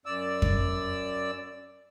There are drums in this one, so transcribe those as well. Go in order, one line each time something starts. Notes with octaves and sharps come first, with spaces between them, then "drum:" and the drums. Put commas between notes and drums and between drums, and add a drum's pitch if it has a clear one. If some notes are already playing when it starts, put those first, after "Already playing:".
F#2 D5 E6
drum: kick F2